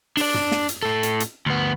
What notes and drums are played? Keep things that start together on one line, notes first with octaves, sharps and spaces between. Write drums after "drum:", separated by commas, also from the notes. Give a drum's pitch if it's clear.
D4 D5, drum: open hi-hat
drum: tom
drum: snare
drum: hi-hat
A2 A4
drum: hi-hat
drum: hi-hat
D2 B3